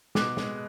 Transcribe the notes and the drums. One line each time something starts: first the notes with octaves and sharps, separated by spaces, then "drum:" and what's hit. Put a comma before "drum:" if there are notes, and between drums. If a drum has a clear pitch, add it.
B2 D6 F#6, drum: snare
G#3, drum: snare